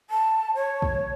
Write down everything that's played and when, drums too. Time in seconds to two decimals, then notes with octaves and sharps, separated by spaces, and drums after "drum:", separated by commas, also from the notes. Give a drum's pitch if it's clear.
0.10 A5
0.55 C#5
0.82 drum: kick